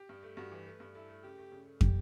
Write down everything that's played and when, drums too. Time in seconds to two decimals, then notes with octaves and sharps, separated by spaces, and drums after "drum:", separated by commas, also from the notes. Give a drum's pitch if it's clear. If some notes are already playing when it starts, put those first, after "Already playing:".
Already playing: G4
0.09 G2
0.23 A3
0.37 G2 F#4
0.51 E3
0.66 A3 B4
0.80 G2
0.95 E4 A4
1.08 A3
1.23 C#3 G4
1.38 A3
1.52 C#3
1.66 A3
1.81 G3 G4, drum: kick